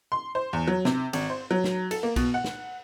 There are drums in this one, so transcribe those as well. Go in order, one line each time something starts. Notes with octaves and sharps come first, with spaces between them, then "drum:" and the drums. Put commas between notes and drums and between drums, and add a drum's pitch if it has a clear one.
C6
C5
E2
F#3
C3, drum: snare
G#1, drum: cymbal
C5
F#3
drum: snare
A4, drum: cymbal
A#3
B2, drum: kick B1, cymbal
F#5
drum: snare